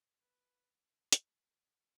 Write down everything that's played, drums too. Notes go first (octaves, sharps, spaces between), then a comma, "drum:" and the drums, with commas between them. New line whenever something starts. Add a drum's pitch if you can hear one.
B4
drum: hi-hat